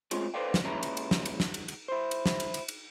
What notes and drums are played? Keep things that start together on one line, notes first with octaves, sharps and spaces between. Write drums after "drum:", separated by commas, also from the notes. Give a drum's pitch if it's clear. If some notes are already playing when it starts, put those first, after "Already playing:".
G#3 A3 C4 C#4 F4 G#4, drum: cymbal
A4 B4 C5 D5 F5 G5
drum: snare
A#2 G#3 C#4 E4 B4 A#5
drum: cymbal
drum: cymbal
drum: snare
drum: cymbal
drum: snare
drum: cymbal
drum: cymbal
E4 C5
drum: cymbal
drum: snare
drum: cymbal
drum: cymbal
drum: cymbal